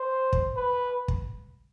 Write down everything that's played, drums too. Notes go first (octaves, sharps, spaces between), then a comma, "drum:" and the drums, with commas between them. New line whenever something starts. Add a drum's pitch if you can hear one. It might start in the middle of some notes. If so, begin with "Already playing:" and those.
Already playing: C5
drum: kick
B4
drum: kick